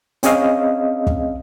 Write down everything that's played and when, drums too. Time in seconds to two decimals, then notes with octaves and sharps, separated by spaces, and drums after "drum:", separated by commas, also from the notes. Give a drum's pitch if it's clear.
0.23 C4 C#4 G#4 D#5 F5, drum: hi-hat
1.07 drum: kick